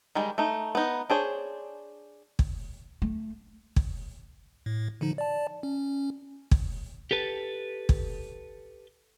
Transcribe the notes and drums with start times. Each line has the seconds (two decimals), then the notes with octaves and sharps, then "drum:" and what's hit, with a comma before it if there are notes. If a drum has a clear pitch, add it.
0.15 D#3 G3 G#3
0.38 A3 D#4
0.75 B3 D#4
1.10 D4 G#4 C5 C#5
2.39 drum: kick
3.02 A3
3.76 drum: kick
4.66 A2
5.01 D3 F3 D#4
5.18 D5 A5
5.63 C#4
6.51 drum: kick
7.11 G4 A4 B4 A5
7.89 drum: kick